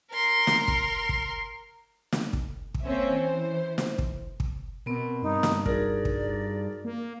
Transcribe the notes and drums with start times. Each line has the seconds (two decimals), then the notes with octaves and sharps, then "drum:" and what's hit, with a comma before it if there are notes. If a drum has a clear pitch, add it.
0.11 A#4 C6
0.47 drum: snare
0.68 drum: kick
1.09 drum: kick
2.12 drum: snare
2.33 drum: kick
2.74 drum: kick
2.84 A#3 C4 C#4 E5
3.16 E3 C5
3.78 drum: snare
3.98 drum: kick
4.40 drum: kick
4.86 B2 B3 C4 A#4
5.23 G2 D#4
5.43 drum: snare
5.66 D#4 F#4 G#4 A#4 D5, drum: kick
6.05 drum: kick
6.85 A#3